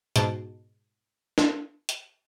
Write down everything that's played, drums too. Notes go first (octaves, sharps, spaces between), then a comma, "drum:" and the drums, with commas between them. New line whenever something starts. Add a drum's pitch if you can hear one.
G#2 B2 A5 C7 D7, drum: hi-hat
drum: snare
drum: hi-hat